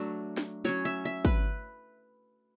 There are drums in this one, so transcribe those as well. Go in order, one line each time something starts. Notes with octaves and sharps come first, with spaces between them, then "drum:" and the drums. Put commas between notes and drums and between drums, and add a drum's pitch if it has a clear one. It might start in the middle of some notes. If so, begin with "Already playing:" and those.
Already playing: F#3 A3 D4
drum: snare
F#3 C#4 C#5
E5
E5
B4, drum: kick